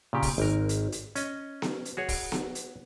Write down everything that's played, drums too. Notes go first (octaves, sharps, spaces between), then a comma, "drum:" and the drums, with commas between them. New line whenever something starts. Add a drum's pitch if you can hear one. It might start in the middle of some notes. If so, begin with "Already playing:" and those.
A#2 C#3 G4
drum: kick, open hi-hat
G#1 A#4
drum: hi-hat
drum: hi-hat
C#4 D#5, drum: hi-hat
drum: snare B3
drum: hi-hat
F#4 G#4 C#5 F#5
drum: kick, open hi-hat
drum: snare B3
drum: hi-hat